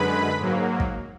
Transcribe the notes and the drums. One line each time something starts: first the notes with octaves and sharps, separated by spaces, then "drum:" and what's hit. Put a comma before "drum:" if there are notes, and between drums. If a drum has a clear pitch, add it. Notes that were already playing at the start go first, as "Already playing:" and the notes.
Already playing: F#2 D3 G#3 B4 B5
G#2 F#3 A#3
drum: kick